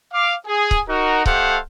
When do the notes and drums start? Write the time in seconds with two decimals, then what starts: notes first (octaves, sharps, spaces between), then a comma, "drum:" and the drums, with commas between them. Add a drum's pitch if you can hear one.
0.13 F5 D6
0.46 G#4
0.71 drum: kick C#1
0.89 D#4 F#4 A#4
1.26 A3 G4 A4 C5 F5 F#5, drum: kick C#1